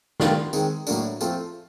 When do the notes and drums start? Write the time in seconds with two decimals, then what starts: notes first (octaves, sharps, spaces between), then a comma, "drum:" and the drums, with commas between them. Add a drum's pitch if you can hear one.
0.20 D#3 G3 B3 D4 F4, drum: snare
0.53 D#3 G#3 C4, drum: tambourine
0.87 A2 F#3 A#3 D4, drum: tambourine
1.21 F3 A3 C4 F4, drum: tambourine